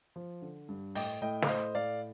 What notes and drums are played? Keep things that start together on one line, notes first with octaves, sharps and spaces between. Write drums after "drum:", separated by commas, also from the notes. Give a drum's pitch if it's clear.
F3
D3
G2
A2 D#5 G5, drum: open hi-hat
A2 D#5 G5
F5, drum: snare
A3 C5 D#5
A2 D5 F5